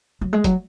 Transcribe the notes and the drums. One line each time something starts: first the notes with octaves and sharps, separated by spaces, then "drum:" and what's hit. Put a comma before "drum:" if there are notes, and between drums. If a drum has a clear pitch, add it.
F#3
G#3
F#3, drum: kick, hi-hat